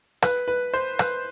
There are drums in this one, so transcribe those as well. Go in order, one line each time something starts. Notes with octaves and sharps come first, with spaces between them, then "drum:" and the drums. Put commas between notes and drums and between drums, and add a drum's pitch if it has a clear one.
B4, drum: rim click
B4
C5
B4, drum: rim click